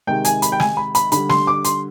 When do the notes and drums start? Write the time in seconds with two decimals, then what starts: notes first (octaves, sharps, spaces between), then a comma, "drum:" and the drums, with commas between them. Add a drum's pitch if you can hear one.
0.07 C3 D#3 G#3 G5
0.25 G#5, drum: hi-hat
0.42 B5, drum: hi-hat
0.52 G5
0.60 G#5, drum: snare
0.77 B5
0.95 B5, drum: hi-hat
1.12 D3 G3 B5, drum: hi-hat
1.29 C6, drum: snare
1.47 D6
1.65 C6, drum: hi-hat